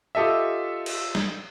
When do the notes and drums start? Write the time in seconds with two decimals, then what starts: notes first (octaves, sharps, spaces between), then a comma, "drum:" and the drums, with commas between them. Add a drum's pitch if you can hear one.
0.15 F4 G4 A4 D#5 E5
0.86 drum: cymbal
1.15 drum: snare